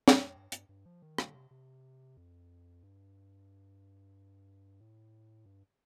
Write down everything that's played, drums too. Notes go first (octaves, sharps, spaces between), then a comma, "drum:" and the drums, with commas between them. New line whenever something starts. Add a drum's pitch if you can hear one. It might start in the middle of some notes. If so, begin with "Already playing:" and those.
drum: snare
F2
G2
G2, drum: hi-hat
G2
F3
D#3
D3, drum: rim click
C3
C3
F2
G2
A2
G2